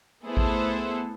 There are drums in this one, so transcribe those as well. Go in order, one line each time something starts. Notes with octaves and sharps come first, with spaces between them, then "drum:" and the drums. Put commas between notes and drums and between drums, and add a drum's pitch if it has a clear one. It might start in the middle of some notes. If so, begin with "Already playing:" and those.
A3 B3 E4 G#4 A4 C5
drum: kick A1